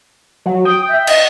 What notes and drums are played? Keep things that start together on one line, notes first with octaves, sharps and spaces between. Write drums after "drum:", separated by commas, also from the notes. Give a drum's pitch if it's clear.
F#3
G5 D#6
E5
D#5 D#6, drum: cymbal